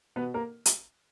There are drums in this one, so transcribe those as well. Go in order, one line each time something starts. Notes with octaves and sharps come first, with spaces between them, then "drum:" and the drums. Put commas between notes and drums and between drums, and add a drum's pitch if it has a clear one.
B2 B3 B4
A#3 A#4
drum: hi-hat